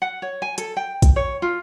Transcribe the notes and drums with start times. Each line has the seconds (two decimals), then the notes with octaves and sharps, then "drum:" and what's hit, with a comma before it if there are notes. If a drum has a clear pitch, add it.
0.02 F#5
0.22 C#5
0.42 G#5
0.58 A4, drum: hi-hat
0.77 G5
1.02 drum: kick, hi-hat
1.16 C#5
1.42 F4